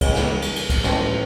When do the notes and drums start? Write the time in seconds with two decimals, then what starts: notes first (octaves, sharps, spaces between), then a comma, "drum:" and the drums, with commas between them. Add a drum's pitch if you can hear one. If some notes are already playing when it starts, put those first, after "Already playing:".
0.01 C#2 C#3 E3 G3 C#4, drum: kick, cymbal
0.15 drum: snare
0.42 drum: cymbal
0.56 drum: cymbal
0.70 drum: kick, cymbal
0.83 A1 A2 F3 C#4, drum: snare